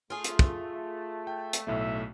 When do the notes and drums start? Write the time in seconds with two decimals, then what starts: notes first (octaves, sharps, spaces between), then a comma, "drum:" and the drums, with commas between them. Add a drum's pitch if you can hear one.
0.10 A3 F4 G#4
0.24 drum: hi-hat
0.39 drum: kick
1.27 G5
1.53 drum: hi-hat
1.67 B1 A2 A3 E5